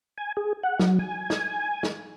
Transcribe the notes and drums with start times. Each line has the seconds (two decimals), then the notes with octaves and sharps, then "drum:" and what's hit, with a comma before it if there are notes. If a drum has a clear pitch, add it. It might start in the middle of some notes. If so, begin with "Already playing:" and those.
0.18 G#5
0.37 G#4
0.63 F#5
0.79 F#3, drum: snare
0.99 G#5
1.30 drum: snare
1.83 drum: snare